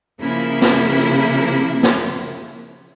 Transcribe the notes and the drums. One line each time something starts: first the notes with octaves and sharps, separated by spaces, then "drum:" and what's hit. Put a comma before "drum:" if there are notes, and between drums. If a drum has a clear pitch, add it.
C#3 F3 A#3 E4
drum: snare
drum: snare